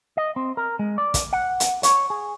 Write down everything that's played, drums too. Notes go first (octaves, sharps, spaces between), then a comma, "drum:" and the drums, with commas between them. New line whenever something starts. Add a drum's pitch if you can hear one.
D#5
C4
A#4
G#3
D5
drum: kick, hi-hat
F#5
drum: hi-hat
C#5, drum: hi-hat
G#4